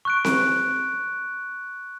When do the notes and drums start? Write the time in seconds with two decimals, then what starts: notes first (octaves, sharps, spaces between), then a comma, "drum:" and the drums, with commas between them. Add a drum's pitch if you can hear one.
0.05 C#6 F#6 D7
0.25 drum: snare C4